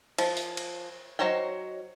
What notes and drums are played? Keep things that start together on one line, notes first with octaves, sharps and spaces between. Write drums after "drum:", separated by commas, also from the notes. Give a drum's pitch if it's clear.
F3, drum: cymbal
drum: open hi-hat
drum: cymbal
F#3 D#4 C5 C#5 G5